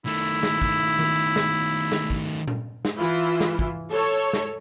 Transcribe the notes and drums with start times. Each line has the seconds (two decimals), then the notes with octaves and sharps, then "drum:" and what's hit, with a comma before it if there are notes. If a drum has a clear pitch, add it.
0.06 D#3 A3 E4
0.43 drum: snare
0.62 drum: kick
0.99 drum: tom D#3
1.36 drum: snare
1.92 drum: snare
2.10 drum: kick
2.48 drum: tom A#2
2.85 drum: snare
2.98 E3 E4 F4
3.40 drum: snare
3.59 drum: kick
3.91 A4 C#5
4.33 drum: snare